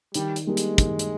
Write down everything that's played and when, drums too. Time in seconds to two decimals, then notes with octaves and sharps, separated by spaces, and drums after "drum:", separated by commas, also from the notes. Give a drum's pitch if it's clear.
0.14 D#3 G3, drum: hi-hat
0.36 drum: hi-hat
0.47 G3 G#3 A#3 D#4
0.57 drum: hi-hat
0.78 D#3, drum: kick, hi-hat
0.99 drum: hi-hat